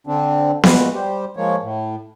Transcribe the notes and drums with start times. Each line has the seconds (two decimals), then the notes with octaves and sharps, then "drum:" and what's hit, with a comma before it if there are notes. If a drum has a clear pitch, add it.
0.07 D3 C4 D4
0.63 A#2 G#3 F#4 B4, drum: snare B3
0.95 G3 G4 C5
1.37 F3 G#3 A#3 C#5
1.62 A2